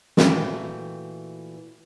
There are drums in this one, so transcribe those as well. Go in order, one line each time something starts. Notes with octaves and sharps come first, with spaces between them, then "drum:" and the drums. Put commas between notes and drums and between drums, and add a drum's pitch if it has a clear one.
A#2 E3 A3 F#4 G5, drum: snare